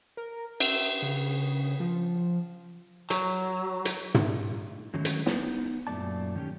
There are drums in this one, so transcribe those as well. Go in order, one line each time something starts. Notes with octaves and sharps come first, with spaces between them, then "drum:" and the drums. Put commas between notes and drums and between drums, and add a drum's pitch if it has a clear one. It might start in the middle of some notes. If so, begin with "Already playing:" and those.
A#4
E5, drum: cymbal
C#3
F3
F#3, drum: hi-hat
drum: hi-hat
drum: tom
D3 D#3 F#3 G#3 A3 C#4
drum: hi-hat
B3 D#4, drum: snare
F#2 A#2 G#3 A3 D5 A5
D#3 C#4 G4